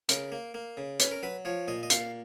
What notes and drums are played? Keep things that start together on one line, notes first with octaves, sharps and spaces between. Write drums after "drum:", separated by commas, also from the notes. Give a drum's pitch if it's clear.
C#3 A#4, drum: hi-hat
A#3
A#3
C#3
C#4 B4, drum: hi-hat
A#4
F#3 B4
F3 C#5
A#2 D#5
D#5
A#2 F5, drum: hi-hat